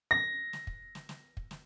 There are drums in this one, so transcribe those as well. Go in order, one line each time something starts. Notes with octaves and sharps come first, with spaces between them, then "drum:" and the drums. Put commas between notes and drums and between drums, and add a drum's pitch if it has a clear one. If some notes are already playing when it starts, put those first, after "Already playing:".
A#6
drum: snare
drum: kick
drum: snare
drum: snare
drum: kick
drum: snare